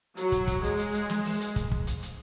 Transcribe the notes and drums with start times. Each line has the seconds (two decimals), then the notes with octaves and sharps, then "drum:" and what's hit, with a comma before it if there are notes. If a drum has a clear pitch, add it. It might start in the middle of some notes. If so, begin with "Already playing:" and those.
0.17 F#3, drum: hi-hat
0.32 drum: kick, hi-hat
0.48 drum: kick, hi-hat
0.64 G#3, drum: hi-hat
0.79 drum: hi-hat
0.94 drum: hi-hat
1.10 drum: snare
1.25 drum: open hi-hat
1.41 drum: hi-hat
1.56 drum: kick, hi-hat
1.72 drum: kick
1.87 drum: hi-hat
2.03 drum: hi-hat